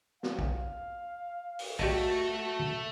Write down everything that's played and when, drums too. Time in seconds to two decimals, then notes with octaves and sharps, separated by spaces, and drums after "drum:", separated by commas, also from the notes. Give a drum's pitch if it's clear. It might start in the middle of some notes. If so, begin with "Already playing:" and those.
0.23 F5, drum: snare
0.39 drum: kick
1.59 drum: open hi-hat
1.79 A3 F#4 G4 D5 D#5, drum: kick